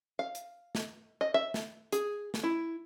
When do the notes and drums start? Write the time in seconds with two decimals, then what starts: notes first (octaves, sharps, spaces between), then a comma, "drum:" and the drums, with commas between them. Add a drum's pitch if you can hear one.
0.19 F5
0.35 drum: hi-hat
0.75 drum: snare
1.21 D#5
1.34 E5
1.54 drum: snare
1.92 G#4, drum: hi-hat
2.34 drum: snare
2.43 E4